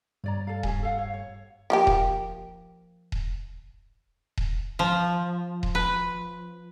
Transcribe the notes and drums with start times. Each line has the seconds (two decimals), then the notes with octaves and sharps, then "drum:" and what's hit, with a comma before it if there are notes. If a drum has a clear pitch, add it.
0.24 G2 C#5 D5 A#5
0.47 A4 F5
0.63 C#4 G#4 G#5, drum: kick D#1
0.83 A4 F5 F#5
0.98 C#5
1.14 C#5
1.70 F3 A#3 G4
1.87 drum: kick D#1
3.12 drum: kick D#1
4.37 drum: kick D#1
4.79 F3
5.63 drum: kick D#1
5.75 B4